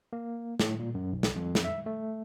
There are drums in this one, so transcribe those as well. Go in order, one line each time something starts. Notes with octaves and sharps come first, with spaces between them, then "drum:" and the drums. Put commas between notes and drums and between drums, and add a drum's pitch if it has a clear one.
A#3
A2, drum: snare
A#2
F#2
B1
drum: snare
F2
drum: snare
E5
A3